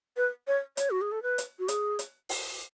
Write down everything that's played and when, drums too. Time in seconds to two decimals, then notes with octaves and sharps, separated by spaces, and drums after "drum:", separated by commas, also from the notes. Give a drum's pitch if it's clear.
0.17 B4
0.47 C#5
0.77 C#5, drum: hi-hat
0.91 F#4
1.01 G#4
1.12 A4
1.23 B4
1.38 drum: hi-hat
1.59 F#4
1.68 G#4, drum: hi-hat
1.99 drum: hi-hat
2.29 drum: open hi-hat